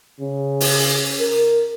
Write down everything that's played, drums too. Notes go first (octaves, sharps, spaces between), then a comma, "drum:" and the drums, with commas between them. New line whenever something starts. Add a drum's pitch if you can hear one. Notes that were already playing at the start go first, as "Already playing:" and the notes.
C#3
drum: open hi-hat
A#4